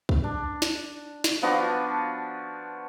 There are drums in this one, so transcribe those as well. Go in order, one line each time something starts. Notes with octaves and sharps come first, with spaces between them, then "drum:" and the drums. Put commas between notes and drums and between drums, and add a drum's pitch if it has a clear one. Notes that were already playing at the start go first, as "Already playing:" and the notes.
drum: kick C2
D4
drum: snare
drum: snare
F3 B3 D4 F#4